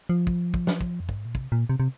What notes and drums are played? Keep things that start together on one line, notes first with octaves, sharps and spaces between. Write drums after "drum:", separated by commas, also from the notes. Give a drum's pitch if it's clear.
F3
drum: kick
drum: kick
drum: snare
drum: kick
F2
G2, drum: kick
G#2
A#2
C3, drum: kick
A#2
C3
C3